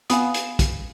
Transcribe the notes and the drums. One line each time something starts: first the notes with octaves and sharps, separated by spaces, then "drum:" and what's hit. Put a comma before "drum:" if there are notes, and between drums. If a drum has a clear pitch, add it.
B3 F5 G#5 B5 D#6, drum: hi-hat
drum: hi-hat
drum: kick, hi-hat